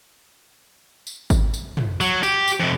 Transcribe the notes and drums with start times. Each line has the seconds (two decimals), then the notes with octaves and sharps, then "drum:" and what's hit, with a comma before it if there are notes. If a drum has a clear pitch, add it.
1.07 drum: tambourine
1.30 drum: kick G#1, tambourine
1.54 drum: tambourine
1.77 drum: tom
2.01 F#3, drum: tambourine
2.23 G4, drum: tambourine
2.48 drum: tambourine
2.60 F2 C3